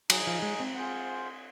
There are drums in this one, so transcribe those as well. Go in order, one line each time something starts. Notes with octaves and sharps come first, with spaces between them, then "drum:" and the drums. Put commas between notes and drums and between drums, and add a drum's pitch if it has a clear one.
F#3 D#4 G#4 D#5, drum: cymbal
F3
G#3
C4
F4 G#4 C5 F#5